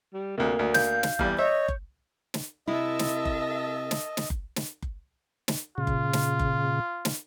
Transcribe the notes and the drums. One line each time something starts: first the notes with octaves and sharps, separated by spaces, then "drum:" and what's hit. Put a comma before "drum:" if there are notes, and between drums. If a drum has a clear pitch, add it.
G3
D2 C3 A#3
D2
F5 G6, drum: snare
drum: snare
E2 G3, drum: kick F#1
C#5 D#5 E5
drum: kick F#1
drum: snare
C3 E4 A#4 D#5 E5 A5
drum: snare
drum: kick F#1
drum: snare
drum: snare
drum: kick F#1
drum: snare
drum: kick F#1
drum: snare
A#2 C#3 F4
drum: kick F#1
drum: snare
drum: kick F#1
drum: snare